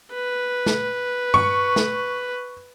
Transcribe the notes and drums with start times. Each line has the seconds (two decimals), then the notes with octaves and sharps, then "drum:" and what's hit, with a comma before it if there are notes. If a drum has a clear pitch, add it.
0.14 B4
0.66 drum: snare
1.34 C#6, drum: tom G2
1.76 drum: snare